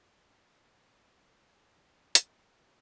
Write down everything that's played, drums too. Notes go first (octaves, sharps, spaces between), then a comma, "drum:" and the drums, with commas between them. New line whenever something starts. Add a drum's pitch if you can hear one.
G#2
C#3
C#2 C#5 G5 A5
drum: hi-hat